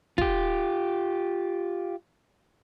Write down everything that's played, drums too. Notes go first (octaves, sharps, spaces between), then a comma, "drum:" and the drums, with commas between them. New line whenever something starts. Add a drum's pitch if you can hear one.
F4 G4, drum: kick